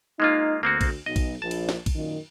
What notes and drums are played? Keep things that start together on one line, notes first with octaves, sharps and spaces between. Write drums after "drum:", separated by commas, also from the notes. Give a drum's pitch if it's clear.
G#3 A#3 D#4 F4
D2 A#3 C4 F#4
drum: kick A#1, cymbal
B1 D#5
drum: kick A#1, cymbal
A#1 A5
drum: cymbal
drum: snare
drum: kick A#1, cymbal
F#2 A#2 D#3